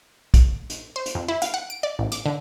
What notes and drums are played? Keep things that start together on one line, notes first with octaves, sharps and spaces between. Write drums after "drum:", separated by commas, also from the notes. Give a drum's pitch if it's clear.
drum: kick, hi-hat
drum: hi-hat
C5
drum: hi-hat
F2
E4
F5, drum: hi-hat
F#5
D7
D5
A1
D6, drum: hi-hat
D3